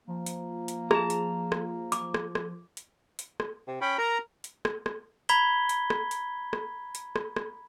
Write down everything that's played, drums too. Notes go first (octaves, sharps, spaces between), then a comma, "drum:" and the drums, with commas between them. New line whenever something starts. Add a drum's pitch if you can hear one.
F3 A#3
drum: hi-hat
drum: hi-hat
G#4 A5 A#5, drum: rim click
drum: hi-hat
drum: rim click
D6, drum: hi-hat
drum: rim click
drum: rim click
drum: hi-hat
drum: hi-hat
drum: rim click
C3
C#4 G5 B5
A#4 A#5
drum: hi-hat
drum: rim click
drum: rim click
A#5 B5 G#6 B6 G7, drum: hi-hat
drum: hi-hat
drum: rim click
drum: hi-hat
drum: rim click
drum: hi-hat
drum: rim click
drum: rim click